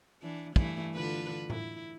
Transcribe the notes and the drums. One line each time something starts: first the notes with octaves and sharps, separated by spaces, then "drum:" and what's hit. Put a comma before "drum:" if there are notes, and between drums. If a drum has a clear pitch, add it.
E3 D4
G2 E3 A3, drum: kick
D3 F4 B4
E4, drum: tom A2